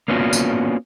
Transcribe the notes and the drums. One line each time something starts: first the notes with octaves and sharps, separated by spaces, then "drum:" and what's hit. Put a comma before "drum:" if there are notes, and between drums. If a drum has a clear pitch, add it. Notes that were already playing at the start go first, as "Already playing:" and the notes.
A#3 B3 C#4 D4 F4 F#4
drum: tambourine